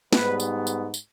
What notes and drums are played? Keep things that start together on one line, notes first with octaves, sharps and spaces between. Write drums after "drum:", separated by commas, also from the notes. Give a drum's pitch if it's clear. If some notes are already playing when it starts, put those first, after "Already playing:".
G#2 G3 B3 B4, drum: snare
drum: tambourine
drum: tambourine
drum: tambourine